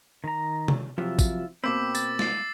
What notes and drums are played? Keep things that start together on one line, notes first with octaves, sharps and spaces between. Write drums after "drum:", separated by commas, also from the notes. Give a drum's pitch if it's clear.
D#3 A#5
drum: tom C3
C3 F3 F#3 E4 F4 E5
drum: kick, tambourine
B2 A#3 C4 G5 B5 D6 E6
A6, drum: tambourine
A6 C7, drum: snare